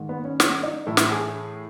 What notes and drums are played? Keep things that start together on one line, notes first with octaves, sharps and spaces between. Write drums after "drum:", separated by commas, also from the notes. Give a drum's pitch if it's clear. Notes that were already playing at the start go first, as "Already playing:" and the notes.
Already playing: G#2 D#3
B3
C#4
C#4, drum: snare
D#4
A2 E3 E4
drum: snare
G#4